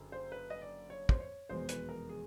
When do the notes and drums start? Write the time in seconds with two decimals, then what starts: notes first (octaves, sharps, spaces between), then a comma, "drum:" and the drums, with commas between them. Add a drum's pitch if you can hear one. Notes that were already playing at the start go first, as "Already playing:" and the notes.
Already playing: F#1 D3
0.12 C5
0.32 B4
0.50 D#5
0.62 D5
0.90 C#5
1.09 C5, drum: kick
1.20 C#5
1.49 F1 E2 B2 G#3 C5
1.69 B4, drum: hi-hat
1.89 A#4
2.09 G#4